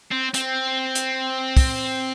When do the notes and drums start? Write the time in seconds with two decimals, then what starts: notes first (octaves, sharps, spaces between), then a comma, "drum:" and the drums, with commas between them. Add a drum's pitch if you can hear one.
0.11 C4
0.34 C4, drum: hi-hat
0.95 drum: hi-hat
1.57 drum: kick, open hi-hat